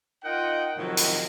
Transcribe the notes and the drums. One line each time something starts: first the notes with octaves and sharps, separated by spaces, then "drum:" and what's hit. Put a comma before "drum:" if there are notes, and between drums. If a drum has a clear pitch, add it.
D#4 F4 A#4 D#5 F#5 G5
A2 C3 D#3 F3 F#3
drum: hi-hat